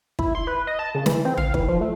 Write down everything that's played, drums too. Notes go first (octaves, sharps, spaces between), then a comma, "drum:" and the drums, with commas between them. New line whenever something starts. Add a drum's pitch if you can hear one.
E4, drum: kick
C6
B4
D#5
A5
C#3
E3, drum: snare
C4
F5, drum: tom
E3, drum: kick
F3
A3